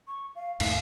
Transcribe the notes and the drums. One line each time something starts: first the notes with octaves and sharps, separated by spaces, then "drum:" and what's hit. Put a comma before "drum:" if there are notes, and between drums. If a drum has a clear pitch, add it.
C#6
F5
D#2 G#2 A3 F5, drum: cymbal